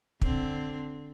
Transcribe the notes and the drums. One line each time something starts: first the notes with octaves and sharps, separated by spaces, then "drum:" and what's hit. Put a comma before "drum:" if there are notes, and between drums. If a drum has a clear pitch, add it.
D3 C4, drum: kick